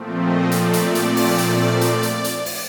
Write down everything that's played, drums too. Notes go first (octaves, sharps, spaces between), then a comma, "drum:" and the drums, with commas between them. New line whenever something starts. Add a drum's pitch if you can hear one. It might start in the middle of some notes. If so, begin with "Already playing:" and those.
Already playing: A#2 F3 A3 C4
D#5
D5, drum: hi-hat
drum: hi-hat
D5
drum: hi-hat
drum: open hi-hat
drum: hi-hat
drum: hi-hat
drum: hi-hat
drum: hi-hat
drum: open hi-hat